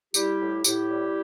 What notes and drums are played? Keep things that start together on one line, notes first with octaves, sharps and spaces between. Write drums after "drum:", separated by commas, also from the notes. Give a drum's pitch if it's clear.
G3 E4 G4, drum: tambourine
A2
A2 E4 G4, drum: tambourine
G3